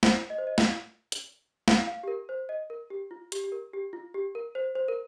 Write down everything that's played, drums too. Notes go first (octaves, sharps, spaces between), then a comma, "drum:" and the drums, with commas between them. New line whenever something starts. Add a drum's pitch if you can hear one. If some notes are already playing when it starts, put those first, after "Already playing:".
C5, drum: snare
D#5
C5
D#5
F5, drum: snare
drum: hi-hat
F5, drum: snare
F5
G4
A#4
C5
D#5
A#4
G4
F4
G4, drum: hi-hat
G4
A#4
G4
F4
G4
A#4
C5
C5
A#4